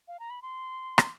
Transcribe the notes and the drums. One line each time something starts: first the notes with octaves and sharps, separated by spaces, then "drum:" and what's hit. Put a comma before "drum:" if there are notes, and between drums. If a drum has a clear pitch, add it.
F5
A#5
B5
C6
drum: rim click